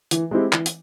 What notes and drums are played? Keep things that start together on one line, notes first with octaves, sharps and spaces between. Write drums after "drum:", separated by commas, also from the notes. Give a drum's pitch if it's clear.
E3, drum: hi-hat
G#3 C4 E4 G4
E3, drum: clap
drum: hi-hat